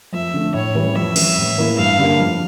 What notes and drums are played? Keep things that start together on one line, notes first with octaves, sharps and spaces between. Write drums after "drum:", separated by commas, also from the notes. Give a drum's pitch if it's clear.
F2 E5
D3 A3
A2 C#5
E3 G3 C#4
F2 E5
E3 G3, drum: cymbal
A2
E3 A#3 E4
G2 F5
D3 G3 A#3
F2